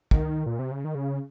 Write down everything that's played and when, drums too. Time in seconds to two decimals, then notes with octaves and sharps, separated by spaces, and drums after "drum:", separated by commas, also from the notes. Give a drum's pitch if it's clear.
0.11 D#3, drum: kick
0.46 A#2
0.59 C3
0.72 C#3
0.84 D#3
0.95 C#3